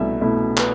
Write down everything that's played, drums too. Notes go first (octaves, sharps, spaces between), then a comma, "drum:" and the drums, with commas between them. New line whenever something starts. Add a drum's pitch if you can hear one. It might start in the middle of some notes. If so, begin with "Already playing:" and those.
Already playing: C2 B2 A3 E4 E5
B2 A3 E4
B4, drum: clap